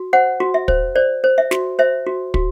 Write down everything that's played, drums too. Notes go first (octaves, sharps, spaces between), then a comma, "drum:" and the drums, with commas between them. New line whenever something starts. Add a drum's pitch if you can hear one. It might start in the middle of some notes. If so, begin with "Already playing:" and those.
Already playing: F#4
C5 F#5
F#4
E5
C5, drum: kick
C5 D5
C5
E5
F#4, drum: snare
C5 E5
F#4
F#4, drum: kick